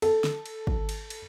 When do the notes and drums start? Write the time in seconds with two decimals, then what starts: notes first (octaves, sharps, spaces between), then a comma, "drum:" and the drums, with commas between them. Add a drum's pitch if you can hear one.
0.02 A4, drum: cymbal
0.24 drum: snare
0.46 drum: cymbal
0.67 drum: kick
0.89 drum: cymbal
1.10 drum: cymbal